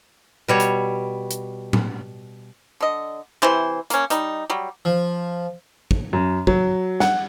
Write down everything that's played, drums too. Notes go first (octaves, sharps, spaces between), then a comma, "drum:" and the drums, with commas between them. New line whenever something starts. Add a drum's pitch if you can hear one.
B2 G3 C#5
drum: hi-hat
drum: hi-hat
drum: tom A2
D3 D#5
C3 E3 C5, drum: clap
A#3 C#4, drum: hi-hat
G3 D#4, drum: hi-hat
F#3 G3
F3
drum: kick
F#2
F#3, drum: kick
F#5, drum: snare